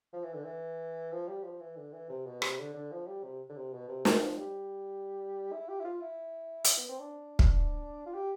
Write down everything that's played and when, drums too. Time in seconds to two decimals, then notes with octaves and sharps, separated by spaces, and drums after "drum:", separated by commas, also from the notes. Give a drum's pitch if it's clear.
0.13 F3
0.24 E3
0.34 D3
0.44 E3
1.12 F3
1.28 G3
1.44 F3
1.60 E3
1.76 D3
1.92 E3
2.10 C3
2.26 B2
2.42 C3, drum: rim click
2.59 D3
2.74 D3
2.91 F3
3.07 G3
3.24 C3
3.49 D3
3.56 C3
3.73 B2
3.88 C3
4.05 D3, drum: snare
4.15 E3
4.22 F3
4.38 G3
5.52 E4
5.69 G4
5.80 E4
5.84 F4
6.01 E4
6.65 drum: hi-hat
6.77 B3
6.89 C4
7.00 D4
7.39 drum: kick
8.06 F4
8.14 G4